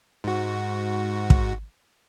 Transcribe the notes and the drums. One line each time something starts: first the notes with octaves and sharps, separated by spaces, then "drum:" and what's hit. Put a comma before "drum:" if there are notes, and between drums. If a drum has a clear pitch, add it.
G#2 F#4
drum: kick